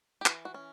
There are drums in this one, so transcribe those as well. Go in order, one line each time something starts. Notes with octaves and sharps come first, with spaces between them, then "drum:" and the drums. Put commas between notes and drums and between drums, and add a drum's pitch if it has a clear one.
G4
E3 F#4, drum: clap
F#4
C#4